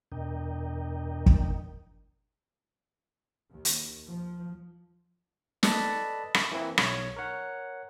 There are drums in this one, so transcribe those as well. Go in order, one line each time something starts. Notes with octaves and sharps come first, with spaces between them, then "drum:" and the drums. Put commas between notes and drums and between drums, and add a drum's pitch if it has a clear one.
E2 B2 D4 A#4 D#5 G5
drum: kick
D#2
drum: hi-hat
F3
A4 B4 D5 D#5 A5 B5, drum: snare
drum: rim click
E3 A#3 C4 E4
B1 C#5, drum: rim click
A#4 C#5 F#5